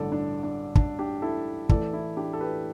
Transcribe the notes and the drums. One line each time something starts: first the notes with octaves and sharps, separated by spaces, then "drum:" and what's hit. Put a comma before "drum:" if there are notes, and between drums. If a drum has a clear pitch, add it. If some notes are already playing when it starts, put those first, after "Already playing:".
Already playing: A1 G2 D3 A4 D5
D4
D4
D4, drum: kick
D4 G4
E4 A4
A1 A2 E3 A4 D5, drum: kick
E4
D4 G4
A4
G4 B4